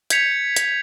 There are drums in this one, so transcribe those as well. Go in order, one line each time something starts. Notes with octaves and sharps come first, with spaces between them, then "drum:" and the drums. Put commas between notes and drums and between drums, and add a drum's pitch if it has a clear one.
G6 G#6 B6 C#7 F7, drum: hi-hat
drum: hi-hat